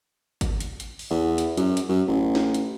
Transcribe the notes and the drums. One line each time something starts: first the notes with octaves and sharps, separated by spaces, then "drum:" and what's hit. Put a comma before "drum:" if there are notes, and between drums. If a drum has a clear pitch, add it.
drum: kick G#1, hi-hat
drum: hi-hat
drum: hi-hat
drum: open hi-hat
E2
drum: hi-hat
F#2, drum: hi-hat
drum: hi-hat
F#2
A1
drum: snare
drum: hi-hat